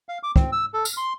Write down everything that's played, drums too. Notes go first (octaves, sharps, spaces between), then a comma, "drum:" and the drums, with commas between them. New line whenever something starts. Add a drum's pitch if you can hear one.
F5
D6
C4, drum: kick
E6
A4
F6, drum: tambourine
C6